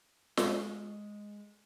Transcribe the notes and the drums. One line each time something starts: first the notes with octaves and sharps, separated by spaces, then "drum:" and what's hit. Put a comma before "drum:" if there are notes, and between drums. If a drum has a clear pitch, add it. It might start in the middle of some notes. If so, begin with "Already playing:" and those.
G#3, drum: snare